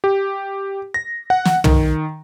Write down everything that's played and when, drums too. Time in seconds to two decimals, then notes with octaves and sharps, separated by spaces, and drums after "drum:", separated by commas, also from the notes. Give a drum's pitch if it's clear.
0.04 G4
0.94 A#6
1.30 F#5
1.45 drum: snare
1.64 D#3, drum: tom